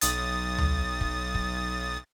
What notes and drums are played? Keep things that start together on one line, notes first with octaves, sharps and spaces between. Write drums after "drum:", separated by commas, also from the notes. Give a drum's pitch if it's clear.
B1 D#6 A6, drum: hi-hat
drum: tom D2
drum: kick
drum: kick